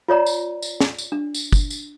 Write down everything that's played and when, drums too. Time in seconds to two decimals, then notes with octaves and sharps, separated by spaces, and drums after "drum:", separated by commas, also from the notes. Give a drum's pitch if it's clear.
0.08 F4 C#5 D5 A#5
0.26 drum: tambourine
0.62 drum: tambourine
0.81 drum: snare
0.99 drum: tambourine
1.12 D4
1.35 drum: tambourine
1.53 drum: kick, tambourine
1.71 drum: tambourine